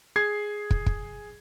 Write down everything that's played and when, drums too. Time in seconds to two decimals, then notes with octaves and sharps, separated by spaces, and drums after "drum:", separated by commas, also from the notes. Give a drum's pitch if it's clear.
0.16 G#4 G#6 C7
0.71 drum: kick
0.86 drum: kick